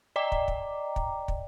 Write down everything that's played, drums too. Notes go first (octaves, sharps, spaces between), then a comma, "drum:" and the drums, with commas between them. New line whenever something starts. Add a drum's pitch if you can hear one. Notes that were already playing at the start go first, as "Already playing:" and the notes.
D5 D#5 G5 A#5 D6
drum: kick
drum: kick
drum: kick
drum: kick